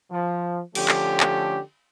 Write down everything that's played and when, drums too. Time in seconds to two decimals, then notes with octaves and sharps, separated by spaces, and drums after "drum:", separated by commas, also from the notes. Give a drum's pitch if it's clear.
0.12 F3
0.75 D3 F3 A3 C#4 G4, drum: cymbal
0.88 drum: clap
1.20 drum: clap